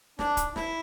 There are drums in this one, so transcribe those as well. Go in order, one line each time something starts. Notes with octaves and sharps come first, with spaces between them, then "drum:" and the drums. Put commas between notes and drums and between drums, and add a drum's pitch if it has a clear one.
D4, drum: snare
drum: kick, hi-hat
E4, drum: snare